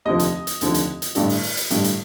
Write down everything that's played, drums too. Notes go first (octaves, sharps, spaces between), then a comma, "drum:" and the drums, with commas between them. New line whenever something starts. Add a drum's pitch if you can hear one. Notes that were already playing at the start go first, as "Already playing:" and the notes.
F1 D#2 D3 F3 D#5
drum: hi-hat
drum: hi-hat
F1 D#2 D3 F3, drum: hi-hat
drum: hi-hat
drum: hi-hat
A1 G2 D3 G3, drum: hi-hat
drum: open hi-hat
drum: open hi-hat
drum: hi-hat
A1 G2 D3 G3, drum: hi-hat
drum: hi-hat